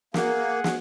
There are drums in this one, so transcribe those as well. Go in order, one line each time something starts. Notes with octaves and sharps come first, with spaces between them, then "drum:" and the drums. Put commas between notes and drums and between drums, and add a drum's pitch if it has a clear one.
A#3 G#4 F#5, drum: snare
drum: snare